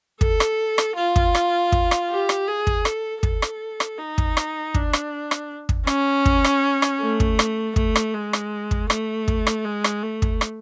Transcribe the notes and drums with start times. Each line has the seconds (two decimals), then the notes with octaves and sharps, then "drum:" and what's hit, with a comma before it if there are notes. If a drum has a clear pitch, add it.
0.21 A4, drum: kick
0.40 drum: rim click
0.78 drum: rim click
0.97 F4
1.16 drum: kick
1.35 drum: rim click
1.72 drum: kick
1.91 drum: rim click
2.10 G4
2.29 drum: rim click
2.47 G#4
2.67 drum: kick
2.85 A4, drum: rim click
3.23 A4, drum: kick
3.42 drum: rim click
3.80 drum: rim click
3.98 D#4
4.18 drum: kick
4.37 drum: rim click
4.74 D4, drum: kick
4.93 drum: rim click
5.31 drum: rim click
5.69 drum: kick
5.87 C#4, drum: rim click
6.26 drum: kick
6.44 drum: rim click
6.82 drum: rim click
7.01 A3
7.20 drum: kick
7.39 drum: rim click
7.76 A3, drum: kick
7.96 drum: rim click
8.14 G#3
8.33 drum: rim click
8.71 drum: kick
8.90 A3, drum: rim click
9.28 drum: kick
9.47 drum: rim click
9.65 G#3
9.84 drum: rim click
10.03 A3
10.22 drum: kick
10.41 drum: rim click